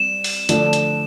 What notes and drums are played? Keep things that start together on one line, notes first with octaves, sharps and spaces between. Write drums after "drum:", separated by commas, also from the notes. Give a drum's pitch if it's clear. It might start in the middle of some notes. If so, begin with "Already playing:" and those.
Already playing: G3 C4 E7
drum: open hi-hat
D3 F3 A3 D4, drum: hi-hat
drum: hi-hat